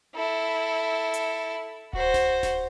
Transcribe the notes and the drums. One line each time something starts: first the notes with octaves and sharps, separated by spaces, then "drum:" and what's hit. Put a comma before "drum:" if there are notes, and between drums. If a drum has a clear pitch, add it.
E4 A4
drum: hi-hat
F#4 C5, drum: kick D1
drum: snare D1
drum: snare D1